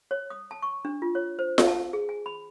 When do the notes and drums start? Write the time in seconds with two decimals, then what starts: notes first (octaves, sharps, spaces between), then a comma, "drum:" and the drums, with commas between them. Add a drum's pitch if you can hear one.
0.11 C#5
0.30 D#6
0.51 A5
0.62 C#6
0.85 D4
1.02 F4
1.15 C#5
1.39 C5
1.58 drum: snare F4
1.67 A5
1.93 G#4
2.09 G#5
2.26 B5